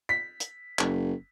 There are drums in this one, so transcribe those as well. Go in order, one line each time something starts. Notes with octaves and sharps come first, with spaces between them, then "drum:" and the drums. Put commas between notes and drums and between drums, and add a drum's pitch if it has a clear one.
B6
drum: hi-hat
F#1, drum: clap